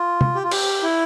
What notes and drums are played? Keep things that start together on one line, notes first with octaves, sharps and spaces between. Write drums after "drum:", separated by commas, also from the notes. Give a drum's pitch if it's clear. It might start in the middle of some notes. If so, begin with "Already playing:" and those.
Already playing: F4
drum: tom
G4
F4
G4, drum: cymbal
E4